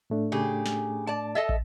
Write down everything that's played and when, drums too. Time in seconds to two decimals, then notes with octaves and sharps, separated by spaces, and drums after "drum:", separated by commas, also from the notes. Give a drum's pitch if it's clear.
0.10 A2 A3 D4
0.32 C#3 G4 G#4
0.66 drum: snare
1.07 D5 A5
1.35 A4 D#5 E5
1.49 drum: kick